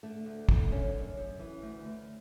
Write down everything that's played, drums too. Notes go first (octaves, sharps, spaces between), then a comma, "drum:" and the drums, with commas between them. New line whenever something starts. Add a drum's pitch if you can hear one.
D3 A3
D2
D3, drum: kick
F#2 C#4
F#2
F#2
E3
D2
D2